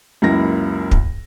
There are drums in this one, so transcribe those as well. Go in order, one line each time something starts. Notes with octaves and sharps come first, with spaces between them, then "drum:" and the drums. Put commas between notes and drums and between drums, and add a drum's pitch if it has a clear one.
C#2 F#2 A#3 E4 A#6
drum: kick